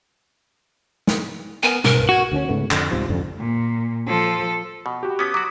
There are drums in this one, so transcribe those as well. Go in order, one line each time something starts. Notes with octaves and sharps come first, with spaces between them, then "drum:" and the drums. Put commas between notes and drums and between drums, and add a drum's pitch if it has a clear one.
drum: snare
B3 A#4 B4 G#5
G#2 A#4, drum: tom
C2 G2 B4
F#4 C#6 G#6
D2 D3 C4 C#4
G#2 C#3 A3 B3
F2 D3, drum: clap
C2 G#2 C3 F3
A1 F2 D3
A#2
F3 A4
B2
F#4 G4
B3 C#4 D6 D#6 B6
F#3 F#4 D6